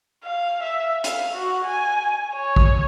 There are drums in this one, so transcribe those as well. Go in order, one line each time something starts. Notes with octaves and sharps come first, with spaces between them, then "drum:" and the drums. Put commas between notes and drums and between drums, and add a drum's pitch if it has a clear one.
F5
E5
F5, drum: hi-hat
F#4
G#5
C#5
drum: kick